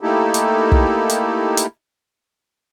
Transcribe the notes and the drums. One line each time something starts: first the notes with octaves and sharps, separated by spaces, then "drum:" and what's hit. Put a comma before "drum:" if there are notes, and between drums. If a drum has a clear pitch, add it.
A3 A#3 D#4 E4 G4 A4
drum: hi-hat
drum: kick
drum: hi-hat
drum: hi-hat